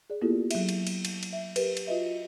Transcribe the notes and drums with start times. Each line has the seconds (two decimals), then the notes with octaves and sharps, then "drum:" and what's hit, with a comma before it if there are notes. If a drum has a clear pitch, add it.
0.10 G#4 D5
0.21 A#3 B3 E4 F4 G4 A4
0.51 F#3 E5, drum: cymbal
0.69 drum: cymbal
0.87 drum: cymbal
1.05 drum: cymbal
1.23 drum: cymbal
1.33 E5
1.56 G4 A#4 B4, drum: cymbal
1.77 drum: cymbal
1.87 F4 F#4 B4 D#5 E5